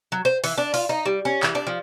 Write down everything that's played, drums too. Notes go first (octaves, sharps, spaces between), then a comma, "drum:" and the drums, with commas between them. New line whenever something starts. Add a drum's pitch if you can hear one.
F#3
C5
E3, drum: open hi-hat
D4
F4, drum: open hi-hat
D#4
G3
C#4
E3, drum: clap
D4
F3